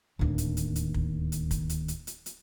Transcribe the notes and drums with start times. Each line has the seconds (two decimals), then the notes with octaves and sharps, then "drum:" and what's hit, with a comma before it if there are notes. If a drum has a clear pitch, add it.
0.19 D1 D#2
0.38 drum: hi-hat
0.57 drum: hi-hat
0.76 drum: hi-hat
0.94 drum: kick
1.32 drum: hi-hat
1.51 drum: kick, hi-hat
1.69 drum: hi-hat
1.88 drum: hi-hat
2.07 drum: hi-hat
2.26 drum: hi-hat